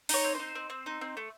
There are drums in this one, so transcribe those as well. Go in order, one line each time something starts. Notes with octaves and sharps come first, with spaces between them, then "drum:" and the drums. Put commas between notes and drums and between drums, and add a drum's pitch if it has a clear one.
D#4 C#5, drum: open hi-hat
C4
D#4 C5
C4
C4
D#4
C4
A3